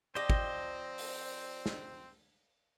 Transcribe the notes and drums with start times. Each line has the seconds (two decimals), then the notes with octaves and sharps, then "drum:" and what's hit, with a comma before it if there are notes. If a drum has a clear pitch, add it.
0.15 F3 C4 G4 C5 D5 D#5 A#6
0.30 drum: kick
0.98 drum: open hi-hat
1.66 drum: snare